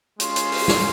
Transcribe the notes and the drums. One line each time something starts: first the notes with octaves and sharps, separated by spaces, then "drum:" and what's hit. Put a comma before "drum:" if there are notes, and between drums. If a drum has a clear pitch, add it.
G#3 C#4 F4 C6, drum: hi-hat
drum: hi-hat
drum: open hi-hat
drum: snare